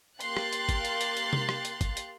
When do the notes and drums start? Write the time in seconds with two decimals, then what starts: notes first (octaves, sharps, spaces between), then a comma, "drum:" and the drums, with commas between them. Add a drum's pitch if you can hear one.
0.21 A#3 G4 F5 C6 F#6 A6, drum: hi-hat
0.37 drum: rim click
0.53 drum: hi-hat
0.69 drum: kick, hi-hat
0.85 drum: hi-hat
1.01 drum: hi-hat
1.17 drum: hi-hat
1.33 drum: tom C3
1.49 drum: rim click
1.65 drum: hi-hat
1.81 drum: kick, hi-hat
1.97 drum: hi-hat